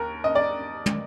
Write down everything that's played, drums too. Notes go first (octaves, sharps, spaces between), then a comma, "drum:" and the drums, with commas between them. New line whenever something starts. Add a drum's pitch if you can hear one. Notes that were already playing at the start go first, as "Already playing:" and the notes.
Already playing: D#2 A#4
D#5
D5
drum: tom